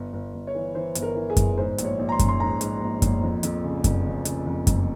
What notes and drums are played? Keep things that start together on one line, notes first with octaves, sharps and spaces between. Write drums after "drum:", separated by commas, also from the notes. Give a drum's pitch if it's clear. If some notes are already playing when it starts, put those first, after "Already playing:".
Already playing: G1
G1
G1
C#5
E3
E3 C5
G1, drum: hi-hat
A#4
E3
G#4
G1, drum: kick F#2, hi-hat
G#2 C5
A#1, drum: hi-hat
C#5
A#1
A#5
C6
C#4, drum: kick F#2, hi-hat
C6
G#2 A#5
G#2, drum: hi-hat
A#1
A#1, drum: kick F#2, hi-hat
F2
F2, drum: hi-hat
C#3
F1, drum: kick F#2, hi-hat
C#3
C#3, drum: hi-hat
F2
F1, drum: kick F#2, hi-hat